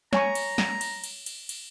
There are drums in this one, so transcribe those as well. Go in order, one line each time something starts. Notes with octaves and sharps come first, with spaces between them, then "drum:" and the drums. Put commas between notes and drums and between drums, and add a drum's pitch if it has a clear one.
C#5 G#5 A#5 C#6, drum: snare
drum: cymbal
drum: snare
drum: cymbal
drum: cymbal
drum: cymbal
drum: cymbal